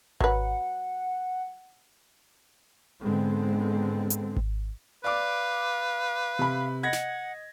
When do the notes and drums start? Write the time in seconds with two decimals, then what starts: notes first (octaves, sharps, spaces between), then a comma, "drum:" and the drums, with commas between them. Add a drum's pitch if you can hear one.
0.20 F#3 B4 F#5, drum: kick G#1
3.02 G#2 D3 G#3 B3 C4
4.10 drum: hi-hat
4.37 drum: kick G#1
5.04 B4 D5 F5 D6
6.39 C3 B5
6.83 D#5 F#5 G#6 A#6
6.93 drum: snare